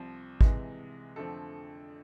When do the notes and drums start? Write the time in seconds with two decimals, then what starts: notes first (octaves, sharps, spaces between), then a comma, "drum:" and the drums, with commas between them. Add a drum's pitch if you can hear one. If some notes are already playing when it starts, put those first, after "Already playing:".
Already playing: C2 C3 F3
0.41 C3 E3 G#3, drum: kick G#1
1.16 F2 D3 F3 A3 C4 A4